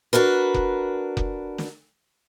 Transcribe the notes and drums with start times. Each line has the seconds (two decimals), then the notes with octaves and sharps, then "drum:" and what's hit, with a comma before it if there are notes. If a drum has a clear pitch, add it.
0.13 D4 F#4 A#4 B4
0.54 drum: kick F1
1.17 drum: kick F1
1.58 drum: snare